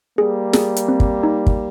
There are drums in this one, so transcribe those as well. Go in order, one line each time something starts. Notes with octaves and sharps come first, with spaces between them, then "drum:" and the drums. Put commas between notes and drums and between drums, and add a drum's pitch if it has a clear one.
G3 A#3 G#4
G#4, drum: snare
drum: hi-hat
C4
drum: kick
D#4
drum: kick